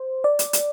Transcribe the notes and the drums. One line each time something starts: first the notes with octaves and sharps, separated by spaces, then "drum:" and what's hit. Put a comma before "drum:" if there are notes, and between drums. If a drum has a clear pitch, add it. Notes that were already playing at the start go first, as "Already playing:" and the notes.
Already playing: C5
D5
drum: hi-hat
drum: hi-hat